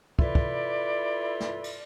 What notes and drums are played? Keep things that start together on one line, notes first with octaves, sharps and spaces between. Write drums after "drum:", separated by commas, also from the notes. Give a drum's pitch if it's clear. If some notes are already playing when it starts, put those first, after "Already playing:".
E4 F4 A4 B4 D5, drum: kick
drum: kick
drum: snare
drum: cymbal